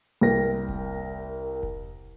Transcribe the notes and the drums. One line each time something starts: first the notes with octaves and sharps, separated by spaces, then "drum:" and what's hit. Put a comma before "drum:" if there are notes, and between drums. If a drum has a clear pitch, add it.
C2 A#4 G5 A#6
drum: kick E1
drum: kick E1